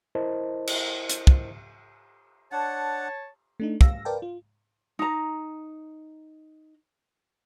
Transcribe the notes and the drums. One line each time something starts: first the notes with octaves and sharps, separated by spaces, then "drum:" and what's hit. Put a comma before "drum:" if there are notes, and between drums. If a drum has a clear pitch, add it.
E4 A#4 C5 D#5 A5
drum: cymbal
drum: hi-hat
drum: kick
D4 C#5 F#5 A5
A3 D4 D#4
F5 E6 A#6, drum: kick
A#4 B4 D5 F5 G5 A5
F4
D#4 A#5